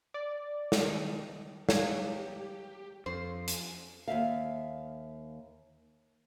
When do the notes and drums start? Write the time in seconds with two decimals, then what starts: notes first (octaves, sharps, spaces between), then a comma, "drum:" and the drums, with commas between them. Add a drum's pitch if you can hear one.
0.14 D5
0.72 drum: snare
0.85 D#3
1.69 G4 C#5 F5 G#6, drum: snare
3.06 F2 A4 C5
3.48 drum: hi-hat
4.08 D#2 D#3 E5 F5